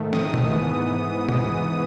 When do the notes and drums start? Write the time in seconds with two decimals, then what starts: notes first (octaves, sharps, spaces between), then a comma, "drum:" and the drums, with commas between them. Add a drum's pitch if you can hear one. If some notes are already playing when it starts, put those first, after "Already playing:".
Already playing: G#2 D#3 A3
0.13 D#6, drum: snare
0.34 drum: tom
0.49 G#2 E3 B3
1.29 drum: tom